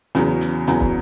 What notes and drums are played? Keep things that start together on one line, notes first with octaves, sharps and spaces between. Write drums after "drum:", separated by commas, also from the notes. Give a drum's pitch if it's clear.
E2 C#3 F#3, drum: hi-hat
drum: hi-hat
E2 C#3 F#3, drum: hi-hat
drum: kick